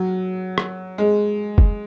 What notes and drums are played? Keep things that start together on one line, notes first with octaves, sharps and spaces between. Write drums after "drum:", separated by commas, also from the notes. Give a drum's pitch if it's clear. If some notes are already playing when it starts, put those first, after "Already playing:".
Already playing: F#3
drum: rim click
G#3
drum: kick